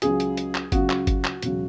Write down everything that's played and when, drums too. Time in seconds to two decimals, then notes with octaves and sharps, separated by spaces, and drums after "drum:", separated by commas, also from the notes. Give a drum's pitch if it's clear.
0.02 C#2 C#3 F#3 G#4, drum: hi-hat
0.20 drum: hi-hat
0.37 drum: hi-hat
0.55 drum: clap
0.72 C#2 C#3 F#3 F#4, drum: kick G1, hi-hat
0.90 drum: clap
1.07 drum: kick G1, hi-hat
1.25 drum: clap
1.42 E1 C#3 F#3, drum: hi-hat